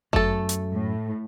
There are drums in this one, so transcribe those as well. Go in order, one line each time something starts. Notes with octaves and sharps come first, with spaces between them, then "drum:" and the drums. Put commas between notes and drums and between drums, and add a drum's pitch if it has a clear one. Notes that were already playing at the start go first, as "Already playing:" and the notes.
F#2 A3 A4, drum: kick G1
drum: hi-hat
A2